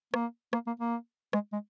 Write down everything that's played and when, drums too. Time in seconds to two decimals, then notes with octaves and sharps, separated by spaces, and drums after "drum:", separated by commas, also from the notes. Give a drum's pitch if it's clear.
0.14 A#3, drum: rim click
0.53 A#3, drum: rim click
0.67 A#3
0.80 A#3
1.33 G#3, drum: rim click
1.53 G#3